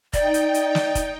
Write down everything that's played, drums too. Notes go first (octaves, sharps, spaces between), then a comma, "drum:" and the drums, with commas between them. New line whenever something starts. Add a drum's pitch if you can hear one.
D#4 D5 G5, drum: kick, hi-hat
drum: hi-hat
drum: hi-hat
drum: snare
drum: kick, hi-hat